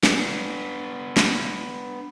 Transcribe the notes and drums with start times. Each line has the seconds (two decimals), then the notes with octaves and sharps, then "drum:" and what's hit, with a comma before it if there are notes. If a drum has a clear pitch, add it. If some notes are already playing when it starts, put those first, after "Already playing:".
0.03 B3 D4, drum: snare
1.17 drum: snare